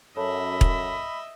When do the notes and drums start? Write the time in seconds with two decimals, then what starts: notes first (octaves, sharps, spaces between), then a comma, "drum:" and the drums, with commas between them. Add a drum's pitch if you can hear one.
0.17 F#2 A4 C#5 D#5 E5 A5 B5
0.61 drum: kick E1